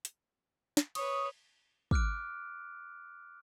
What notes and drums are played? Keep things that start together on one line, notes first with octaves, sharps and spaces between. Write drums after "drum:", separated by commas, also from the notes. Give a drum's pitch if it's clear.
drum: hi-hat
drum: snare
B4 C#5 C#6 D#6, drum: cymbal
D6 F6 F#6 D7, drum: kick